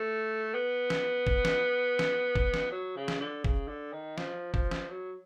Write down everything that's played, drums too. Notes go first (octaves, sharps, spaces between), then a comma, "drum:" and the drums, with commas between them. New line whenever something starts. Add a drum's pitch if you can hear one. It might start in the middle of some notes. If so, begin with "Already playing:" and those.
Already playing: A3
B3
drum: snare
drum: kick
drum: snare
drum: snare
drum: kick
drum: snare
F#3
C#3
drum: snare
D3
C#3, drum: kick
D3
D#3
F3, drum: snare
F3, drum: kick
drum: snare
F#3